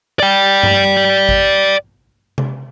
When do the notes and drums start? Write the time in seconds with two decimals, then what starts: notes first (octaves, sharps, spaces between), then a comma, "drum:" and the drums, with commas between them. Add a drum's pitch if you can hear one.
0.20 D5 G5
0.63 drum: tom G2
1.29 drum: kick G#1
2.38 drum: tom C3